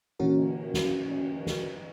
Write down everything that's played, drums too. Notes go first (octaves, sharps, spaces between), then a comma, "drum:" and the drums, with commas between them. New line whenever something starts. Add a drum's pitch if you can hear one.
A#2 D3 E3 C#4 F#4 A#4
drum: cymbal
drum: snare
drum: cymbal
drum: snare